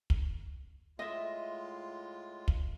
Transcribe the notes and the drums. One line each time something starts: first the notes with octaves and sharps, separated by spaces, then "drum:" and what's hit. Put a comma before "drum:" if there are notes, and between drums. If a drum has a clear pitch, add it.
drum: kick
A2 G#3 F4 D#5 E5
drum: kick